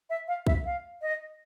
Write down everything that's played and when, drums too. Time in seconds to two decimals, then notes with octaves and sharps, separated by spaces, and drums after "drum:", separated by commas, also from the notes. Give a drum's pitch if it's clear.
0.10 E5
0.28 F5
0.47 E5, drum: kick B1
0.65 F5
1.02 D#5